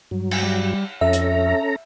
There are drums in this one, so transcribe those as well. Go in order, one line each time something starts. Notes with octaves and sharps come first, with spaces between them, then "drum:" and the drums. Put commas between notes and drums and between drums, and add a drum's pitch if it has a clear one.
G2 F#3
drum: cymbal
G3
F2 C#4 A4 E5 A#5
drum: hi-hat